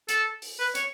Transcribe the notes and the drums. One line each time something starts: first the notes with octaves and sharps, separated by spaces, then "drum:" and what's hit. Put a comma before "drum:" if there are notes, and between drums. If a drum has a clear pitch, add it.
A4, drum: hi-hat
drum: open hi-hat
B4
C#5, drum: hi-hat